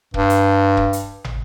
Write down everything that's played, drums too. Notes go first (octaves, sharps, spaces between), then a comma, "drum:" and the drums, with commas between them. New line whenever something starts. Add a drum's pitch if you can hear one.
G2, drum: kick
drum: hi-hat
drum: kick
drum: hi-hat
drum: tom